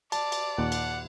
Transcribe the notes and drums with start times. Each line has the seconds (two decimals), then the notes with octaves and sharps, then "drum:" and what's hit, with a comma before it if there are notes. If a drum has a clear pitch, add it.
0.12 D5 A5, drum: cymbal
0.32 drum: cymbal
0.58 D#2 A#2 F#5
0.72 drum: cymbal